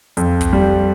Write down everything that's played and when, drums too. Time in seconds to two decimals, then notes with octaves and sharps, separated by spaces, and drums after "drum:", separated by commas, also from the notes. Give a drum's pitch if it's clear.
0.17 F2, drum: hi-hat
0.41 drum: kick, hi-hat
0.53 G3